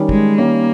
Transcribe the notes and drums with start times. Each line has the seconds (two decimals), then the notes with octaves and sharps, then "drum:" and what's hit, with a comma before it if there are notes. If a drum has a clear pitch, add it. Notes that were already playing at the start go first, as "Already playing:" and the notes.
Already playing: D#3 G3 C#4
0.09 G#3, drum: kick
0.38 D#3 G3 A#3 C#4